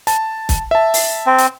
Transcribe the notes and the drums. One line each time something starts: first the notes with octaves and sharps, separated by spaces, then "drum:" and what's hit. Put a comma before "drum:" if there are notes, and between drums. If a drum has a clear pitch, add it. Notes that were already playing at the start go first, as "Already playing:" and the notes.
A5, drum: hi-hat
drum: kick, hi-hat
E5 A5
drum: open hi-hat
C4
drum: hi-hat